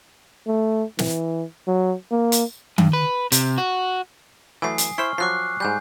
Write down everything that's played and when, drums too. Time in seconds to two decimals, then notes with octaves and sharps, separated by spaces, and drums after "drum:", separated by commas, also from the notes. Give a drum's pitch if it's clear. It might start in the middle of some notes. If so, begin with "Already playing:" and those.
0.47 A3
0.99 E3, drum: snare
1.67 F#3
2.11 A#3
2.32 drum: hi-hat
2.78 G2, drum: tom D#3
2.93 B4
3.32 C3, drum: hi-hat
3.58 F#4
4.62 E3 F#3 A3 G#5 D#6 C7
4.78 drum: hi-hat
4.98 E4 C5 C#6 F6
5.18 F3 F#3 D6 F#6 C7
5.60 G#2 G3 G#5 G6